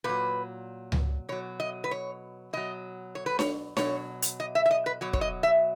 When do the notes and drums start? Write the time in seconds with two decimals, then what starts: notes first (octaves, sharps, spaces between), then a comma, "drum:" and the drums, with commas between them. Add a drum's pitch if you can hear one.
0.04 A#2 F#3 B4
0.92 drum: tom C#2
1.29 B2 F#3 C#5
1.60 D#5
1.84 B4
1.91 C#5
2.53 B2 F#3 D#5
3.15 C#5
3.26 B4
3.39 C#5, drum: snare D4
3.77 B2 F#3 C#5, drum: snare D4
4.22 drum: hi-hat
4.40 D#5
4.55 E5
4.66 E5
4.71 D#5
4.86 B4
5.01 B2 F#3 C#5
5.13 C#5, drum: kick
5.21 D#5
5.43 E5